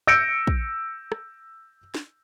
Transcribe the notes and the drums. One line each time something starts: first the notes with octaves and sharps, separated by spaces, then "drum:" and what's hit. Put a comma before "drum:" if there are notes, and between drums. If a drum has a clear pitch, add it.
E6 G6 A#6 C#7 D7
drum: kick
drum: rim click
drum: snare